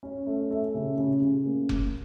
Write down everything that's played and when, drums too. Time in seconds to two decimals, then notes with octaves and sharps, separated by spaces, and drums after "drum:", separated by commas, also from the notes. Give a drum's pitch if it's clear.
0.03 C#4
0.27 A3
0.50 A3
0.74 C#3
0.98 C#3
1.22 C#3
1.46 A#3
1.69 A#3, drum: kick F1